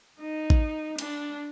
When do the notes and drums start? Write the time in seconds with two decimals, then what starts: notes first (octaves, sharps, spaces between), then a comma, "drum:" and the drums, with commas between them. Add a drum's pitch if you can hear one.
0.21 D#4
0.50 drum: kick A1
0.99 D4, drum: cymbal